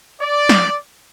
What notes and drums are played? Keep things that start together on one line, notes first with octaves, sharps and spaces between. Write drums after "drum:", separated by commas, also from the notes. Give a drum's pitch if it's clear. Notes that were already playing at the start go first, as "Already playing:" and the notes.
D5
drum: snare